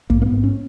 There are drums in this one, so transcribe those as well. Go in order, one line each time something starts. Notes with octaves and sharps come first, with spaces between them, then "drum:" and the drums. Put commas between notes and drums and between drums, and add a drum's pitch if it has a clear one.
G#2 A#3, drum: kick
A#3
B3
G#2
C#4